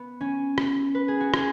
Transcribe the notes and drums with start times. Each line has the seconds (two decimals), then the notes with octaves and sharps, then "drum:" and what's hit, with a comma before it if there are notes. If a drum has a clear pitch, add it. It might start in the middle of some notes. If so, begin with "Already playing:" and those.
Already playing: B3
0.21 C#4
0.58 drum: rim click
0.95 B4
1.08 G#4
1.21 F#4
1.34 G#4, drum: rim click